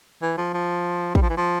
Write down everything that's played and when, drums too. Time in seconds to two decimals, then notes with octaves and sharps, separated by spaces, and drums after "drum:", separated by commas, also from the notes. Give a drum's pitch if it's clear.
0.22 E3
0.37 F3
0.54 F3
1.15 G3, drum: kick
1.22 F3
1.30 E3
1.37 F3